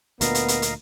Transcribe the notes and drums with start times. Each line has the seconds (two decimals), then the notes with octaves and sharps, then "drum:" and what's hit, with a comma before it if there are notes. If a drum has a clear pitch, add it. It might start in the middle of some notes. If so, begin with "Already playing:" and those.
0.21 D2 A#2 B3 A#4 D#5 F5 A#5, drum: hi-hat
0.35 drum: hi-hat
0.48 drum: hi-hat
0.62 drum: hi-hat